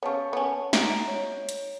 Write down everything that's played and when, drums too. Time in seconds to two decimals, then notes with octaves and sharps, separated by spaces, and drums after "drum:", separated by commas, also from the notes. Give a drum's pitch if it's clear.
0.03 C#3 B3 C#5 A5 C#6
0.33 B3 C#4
0.73 D#4 F#4 E5 A#5 D7, drum: snare
1.08 C#5
1.49 drum: hi-hat